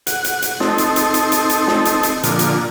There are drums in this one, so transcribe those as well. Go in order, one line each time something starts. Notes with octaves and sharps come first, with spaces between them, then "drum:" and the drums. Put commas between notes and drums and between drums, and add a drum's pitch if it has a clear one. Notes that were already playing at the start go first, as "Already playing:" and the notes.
F#5, drum: hi-hat
drum: hi-hat
drum: hi-hat
C4 D#4 A4, drum: snare
drum: hi-hat
drum: hi-hat
drum: hi-hat
drum: hi-hat
drum: hi-hat
drum: snare
drum: hi-hat
drum: hi-hat
A#2 D3 F3, drum: hi-hat
drum: hi-hat